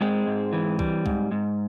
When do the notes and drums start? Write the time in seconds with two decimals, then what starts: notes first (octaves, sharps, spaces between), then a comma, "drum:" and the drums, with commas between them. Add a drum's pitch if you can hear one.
0.01 G#2 G#3 C4
0.27 G#2
0.53 E3
0.79 G3, drum: kick C2
1.06 G#2, drum: kick C2
1.32 G#2